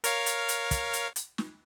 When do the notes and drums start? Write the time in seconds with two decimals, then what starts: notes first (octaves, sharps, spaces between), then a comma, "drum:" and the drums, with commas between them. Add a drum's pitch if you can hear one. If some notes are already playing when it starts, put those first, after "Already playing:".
0.04 A#4 C#5 F5, drum: hi-hat
0.26 drum: hi-hat
0.49 drum: hi-hat
0.71 drum: kick, hi-hat
0.93 drum: hi-hat
1.16 drum: hi-hat
1.38 drum: snare